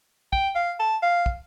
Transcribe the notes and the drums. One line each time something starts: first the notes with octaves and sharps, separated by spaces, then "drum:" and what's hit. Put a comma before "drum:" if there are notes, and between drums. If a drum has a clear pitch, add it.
G5, drum: kick
F5
A5
F5
drum: kick